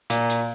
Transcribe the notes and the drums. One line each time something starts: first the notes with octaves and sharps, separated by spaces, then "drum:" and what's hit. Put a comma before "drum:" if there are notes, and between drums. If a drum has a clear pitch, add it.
A#2, drum: hi-hat
drum: hi-hat